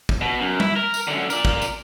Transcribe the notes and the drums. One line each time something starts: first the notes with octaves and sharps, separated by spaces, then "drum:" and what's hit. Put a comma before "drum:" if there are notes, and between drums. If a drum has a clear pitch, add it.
drum: kick
B2
F#2
E4, drum: tom G3
A#4
drum: tambourine
F#2 D3
A#4 D5, drum: tambourine
drum: kick
drum: tambourine